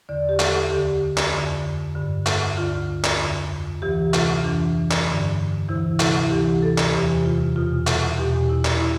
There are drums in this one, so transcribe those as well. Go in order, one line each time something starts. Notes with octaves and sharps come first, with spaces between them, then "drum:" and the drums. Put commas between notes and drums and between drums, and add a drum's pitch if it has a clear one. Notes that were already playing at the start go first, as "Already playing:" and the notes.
E2 D3 D5
G4
drum: clap
A4
D2 D3 G4
drum: clap
F2 D3
G2 D3
drum: clap
D2 D3 F4
drum: clap
F2 D3
D2 C3 E3 G4
F4, drum: clap
F2 E3 D4
drum: clap
G2 D3
D2 C3 E3 E4
E4, drum: clap
D2 C3 E3 G4
A4
drum: clap
E2 C3 E3 G4
F4
E2 B2 F4
drum: clap
E2 B2 G4
E4
drum: clap
E4